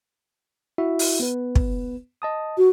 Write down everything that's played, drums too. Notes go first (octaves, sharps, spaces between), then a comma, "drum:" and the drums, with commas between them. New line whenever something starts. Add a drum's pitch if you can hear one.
E4 F#4 E5
drum: open hi-hat
B3 B4
drum: kick
D#5 A5 D#6
F#4